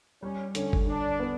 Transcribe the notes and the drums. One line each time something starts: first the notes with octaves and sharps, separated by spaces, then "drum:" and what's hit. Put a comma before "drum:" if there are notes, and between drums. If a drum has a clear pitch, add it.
G3 C#4
D3 C#4, drum: hi-hat
drum: kick G1
D3 D4
B3